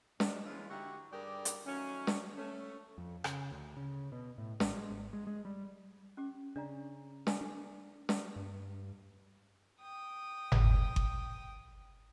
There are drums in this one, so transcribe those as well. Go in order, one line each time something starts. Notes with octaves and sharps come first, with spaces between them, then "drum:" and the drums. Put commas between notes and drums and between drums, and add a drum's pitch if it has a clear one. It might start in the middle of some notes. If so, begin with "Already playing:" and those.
G#2 G#3 D4, drum: snare
E3 G#3 C#4 F4
D3 D#4 E4 F#4 G4
G2 G3 G4 G#4 A#4 D5
drum: hi-hat
D#3 F#3 A3 C#4
drum: snare
A3 C#4
F2
C#3, drum: rim click
D2
C#3
B2
A2
G#1, drum: snare
G#3
G#1
G#3
G#3
G3
C#4 G4 D6
C#3 D4 D5 A#5
G#5, drum: snare
D4 A4
drum: snare
G2
G5 D#6
drum: tom G1
drum: kick G1